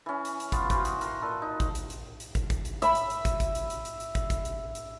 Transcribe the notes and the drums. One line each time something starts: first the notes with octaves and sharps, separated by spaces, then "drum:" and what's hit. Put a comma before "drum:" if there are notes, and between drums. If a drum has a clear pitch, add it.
E3 C#4
drum: hi-hat
drum: hi-hat
B3 F4, drum: kick, hi-hat
E3 F#4 C5, drum: kick, hi-hat
drum: hi-hat
A#4 C6, drum: hi-hat
A#2 A4 B4
D#4
drum: kick, hi-hat
drum: hi-hat
drum: hi-hat
drum: hi-hat
drum: kick, hi-hat
drum: kick, hi-hat
drum: hi-hat
E5 B5, drum: hi-hat
drum: hi-hat
drum: hi-hat
drum: kick, hi-hat
drum: kick, hi-hat
drum: hi-hat
drum: hi-hat
drum: hi-hat
drum: hi-hat
drum: kick, hi-hat
drum: kick, hi-hat
drum: hi-hat
drum: hi-hat